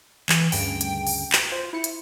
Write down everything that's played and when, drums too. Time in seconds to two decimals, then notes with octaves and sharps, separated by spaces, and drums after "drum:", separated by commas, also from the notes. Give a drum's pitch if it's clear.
0.29 E3, drum: clap
0.52 D2 G2 C#3 G5, drum: open hi-hat
0.81 drum: hi-hat
1.07 drum: open hi-hat
1.32 drum: clap
1.52 F4 C5
1.73 E4 C#7
1.84 drum: hi-hat